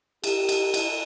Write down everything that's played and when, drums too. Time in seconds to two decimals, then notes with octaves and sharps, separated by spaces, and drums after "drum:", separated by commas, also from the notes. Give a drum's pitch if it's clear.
0.24 G4, drum: cymbal
0.49 drum: cymbal
0.74 drum: cymbal